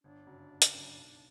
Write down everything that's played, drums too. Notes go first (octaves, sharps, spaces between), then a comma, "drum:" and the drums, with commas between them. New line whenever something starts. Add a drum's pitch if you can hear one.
G1 D4
F#2 C#3 F#3
G1
drum: hi-hat
F#2 C#3 F#3
B1